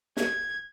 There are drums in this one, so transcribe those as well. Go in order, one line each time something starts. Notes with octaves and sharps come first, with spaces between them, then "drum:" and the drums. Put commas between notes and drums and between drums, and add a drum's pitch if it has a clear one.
G#6, drum: snare